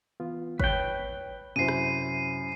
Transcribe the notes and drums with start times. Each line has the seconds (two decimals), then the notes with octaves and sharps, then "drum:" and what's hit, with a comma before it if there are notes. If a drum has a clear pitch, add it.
0.20 E3 B3 F4
0.60 B4 C#5 G5, drum: kick
1.56 F#2 C3 E4 F#4 C5 C7 D#7
1.68 drum: rim click